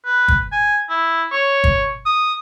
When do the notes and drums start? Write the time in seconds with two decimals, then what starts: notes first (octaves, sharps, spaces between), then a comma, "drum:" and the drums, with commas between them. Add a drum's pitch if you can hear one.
0.06 B4
0.28 drum: kick G1
0.52 G#5
0.90 E4
1.32 C#5
1.64 drum: kick G1
2.06 D#6